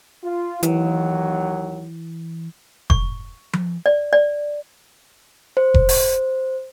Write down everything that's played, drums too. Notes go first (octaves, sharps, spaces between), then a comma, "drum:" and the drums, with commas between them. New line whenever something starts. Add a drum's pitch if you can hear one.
F4
D#2 E3 F#3, drum: hi-hat
C#6, drum: kick F1
drum: tom F3
D5
D5
C5
drum: kick F1
drum: open hi-hat